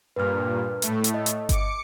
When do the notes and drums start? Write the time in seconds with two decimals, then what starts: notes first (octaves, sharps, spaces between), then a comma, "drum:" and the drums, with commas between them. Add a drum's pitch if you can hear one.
0.16 G2 A#2 B4 F6
0.82 A2 A3, drum: hi-hat
1.04 drum: hi-hat
1.14 D#5
1.26 drum: hi-hat
1.49 D6 C#7, drum: kick G1, hi-hat